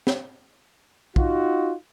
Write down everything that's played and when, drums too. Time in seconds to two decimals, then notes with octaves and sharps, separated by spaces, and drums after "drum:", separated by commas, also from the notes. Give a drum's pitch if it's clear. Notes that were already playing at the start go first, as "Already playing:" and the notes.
0.07 drum: snare
1.16 D#4 F4 F#4, drum: kick